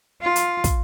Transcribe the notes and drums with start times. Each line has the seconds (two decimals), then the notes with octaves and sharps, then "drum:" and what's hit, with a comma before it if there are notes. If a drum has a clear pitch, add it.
0.21 F4
0.36 drum: hi-hat
0.64 drum: kick, hi-hat